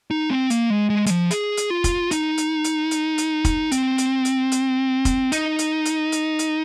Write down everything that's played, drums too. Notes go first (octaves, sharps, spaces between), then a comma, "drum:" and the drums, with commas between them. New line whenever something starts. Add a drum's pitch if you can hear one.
D#4
C4
A#3, drum: hi-hat
G#3
G#3
G#3, drum: hi-hat
F3
G#4, drum: hi-hat
drum: hi-hat
F4
drum: kick, hi-hat
D#4, drum: hi-hat
drum: hi-hat
drum: hi-hat
drum: hi-hat
drum: hi-hat
drum: kick, hi-hat
C4, drum: hi-hat
drum: hi-hat
drum: hi-hat
drum: hi-hat
drum: kick, hi-hat
D#4, drum: hi-hat
drum: hi-hat
drum: hi-hat
drum: hi-hat
drum: hi-hat